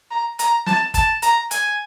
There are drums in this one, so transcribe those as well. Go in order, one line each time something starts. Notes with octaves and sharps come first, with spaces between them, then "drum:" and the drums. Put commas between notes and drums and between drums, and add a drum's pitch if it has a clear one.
A#5
A#5, drum: hi-hat
A5, drum: snare
A5, drum: kick, hi-hat
A#5, drum: hi-hat
G#5, drum: hi-hat